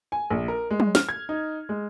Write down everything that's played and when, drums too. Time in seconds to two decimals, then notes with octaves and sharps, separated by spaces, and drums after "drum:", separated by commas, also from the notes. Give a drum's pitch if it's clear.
0.12 G#5
0.30 A#1
0.48 A#4
0.71 G#3
0.80 drum: tom
0.95 F6, drum: snare
1.09 G#6
1.29 D#4
1.69 G#3